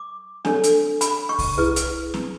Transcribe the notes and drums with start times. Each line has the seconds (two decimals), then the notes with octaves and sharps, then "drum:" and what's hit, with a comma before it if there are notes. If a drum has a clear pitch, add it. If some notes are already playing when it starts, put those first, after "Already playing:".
Already playing: D6
0.45 D4 A4 C#5, drum: snare C4
0.63 drum: hi-hat
1.01 B5, drum: hi-hat
1.29 C#6
1.39 drum: kick C2, open hi-hat
1.57 E4 G#4 B4
1.76 drum: hi-hat
2.14 drum: snare C4